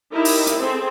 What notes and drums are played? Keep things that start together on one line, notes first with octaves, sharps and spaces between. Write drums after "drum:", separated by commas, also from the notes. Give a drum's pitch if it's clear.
D#4 E4 G4 A#4
drum: open hi-hat
drum: hi-hat
C4 G#4 A4